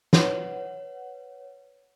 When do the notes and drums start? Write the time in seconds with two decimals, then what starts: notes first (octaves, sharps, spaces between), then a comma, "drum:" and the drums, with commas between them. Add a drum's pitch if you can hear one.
0.13 B4 C#5 F#5, drum: snare